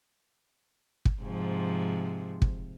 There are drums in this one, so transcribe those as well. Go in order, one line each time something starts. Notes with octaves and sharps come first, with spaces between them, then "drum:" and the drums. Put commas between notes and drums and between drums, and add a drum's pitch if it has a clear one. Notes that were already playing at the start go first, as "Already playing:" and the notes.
drum: kick
G#2 C3 F3
drum: kick